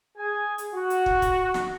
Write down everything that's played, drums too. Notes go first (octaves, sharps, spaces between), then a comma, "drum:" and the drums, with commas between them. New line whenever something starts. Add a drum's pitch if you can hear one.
G#4 G#5
drum: hi-hat
F#4
drum: hi-hat
drum: kick
drum: kick, hi-hat
drum: snare